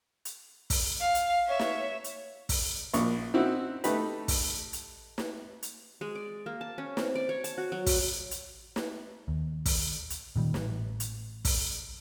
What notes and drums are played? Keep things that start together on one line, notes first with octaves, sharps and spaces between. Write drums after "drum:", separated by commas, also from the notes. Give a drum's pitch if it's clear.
drum: hi-hat
drum: kick, open hi-hat
F5
drum: hi-hat
C#5 E5
drum: snare
drum: hi-hat
drum: kick, open hi-hat
A#1 C#6, drum: hi-hat
C4 D#4 E4 F#4
A3 D#4 G4 B4, drum: hi-hat
drum: kick, open hi-hat
drum: hi-hat
drum: snare
drum: hi-hat
G#3
D5
A#3
A5
C#4
C4, drum: snare
D5
C#5
A5, drum: hi-hat
F#4
F#3
drum: kick, open hi-hat
drum: hi-hat
drum: snare
D#2
drum: kick, open hi-hat
drum: hi-hat
A#2 D#3 G3
A1, drum: snare
drum: hi-hat
drum: kick, open hi-hat